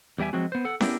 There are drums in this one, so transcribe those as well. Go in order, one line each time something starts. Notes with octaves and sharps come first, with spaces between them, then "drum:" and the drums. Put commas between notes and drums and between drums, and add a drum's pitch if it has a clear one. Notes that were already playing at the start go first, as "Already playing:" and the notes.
E2 G3 G4 E5 G#5
F3 F#3 G#3 C4 F#4
B3 C5
A4 F#5
B3 D4 E4 G4 A#4, drum: snare